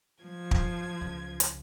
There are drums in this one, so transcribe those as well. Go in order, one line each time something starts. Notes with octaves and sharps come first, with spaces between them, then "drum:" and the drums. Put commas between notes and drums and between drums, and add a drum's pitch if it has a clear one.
F3 G#6
drum: kick
C#2
drum: hi-hat